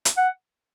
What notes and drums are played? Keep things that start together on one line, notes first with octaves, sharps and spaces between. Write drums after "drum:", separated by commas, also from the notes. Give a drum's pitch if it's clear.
drum: hi-hat
F#5